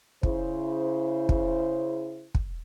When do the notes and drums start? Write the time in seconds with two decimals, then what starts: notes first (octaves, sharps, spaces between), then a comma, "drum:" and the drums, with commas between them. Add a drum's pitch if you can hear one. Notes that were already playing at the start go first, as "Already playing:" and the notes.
0.23 C#3 E4 C5, drum: kick
1.29 drum: kick
2.35 drum: kick